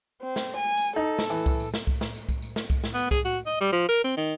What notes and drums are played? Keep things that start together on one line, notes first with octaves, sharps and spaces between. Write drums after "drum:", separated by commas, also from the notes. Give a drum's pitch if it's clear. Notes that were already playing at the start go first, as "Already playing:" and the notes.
C4
drum: snare
G#5
drum: tambourine
D#4 A4
drum: snare
E3, drum: tambourine
drum: kick C2, tambourine
drum: tambourine
drum: snare
drum: kick C2, tambourine
drum: snare
drum: tambourine
drum: kick C2, tambourine
drum: tambourine
drum: snare
drum: kick C2, tambourine
drum: snare
B3, drum: tambourine
G#4, drum: kick C2, tambourine
F#4, drum: tambourine
D#5
G3
F3
A#4
C4
D#3